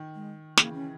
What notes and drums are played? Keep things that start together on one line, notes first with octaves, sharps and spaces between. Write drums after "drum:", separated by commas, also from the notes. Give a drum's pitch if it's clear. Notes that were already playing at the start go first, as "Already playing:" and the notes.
Already playing: D#3
G#3
C#3 E3 A#3, drum: snare
C#4